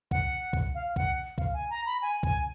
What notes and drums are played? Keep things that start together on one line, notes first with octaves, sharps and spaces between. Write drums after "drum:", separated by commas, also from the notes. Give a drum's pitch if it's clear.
F#5, drum: kick
drum: kick
F5
F#5, drum: kick
F5, drum: kick
G#5
A#5
B5
G#5
G#5, drum: kick